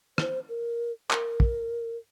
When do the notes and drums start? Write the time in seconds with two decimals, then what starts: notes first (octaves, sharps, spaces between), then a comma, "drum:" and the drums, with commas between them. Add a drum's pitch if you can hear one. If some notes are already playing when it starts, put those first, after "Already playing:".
0.18 C5, drum: rim click
0.49 A#4
1.11 A#4, drum: clap
1.40 drum: kick